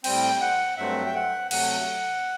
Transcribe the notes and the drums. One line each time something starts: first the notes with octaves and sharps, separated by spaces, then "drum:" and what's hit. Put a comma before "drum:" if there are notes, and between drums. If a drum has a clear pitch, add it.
A2 G3 C4 G5, drum: cymbal
F#5
G2 F#3 A3 C4 E5
G5
F#5
C3 F#3 A3 F#5, drum: cymbal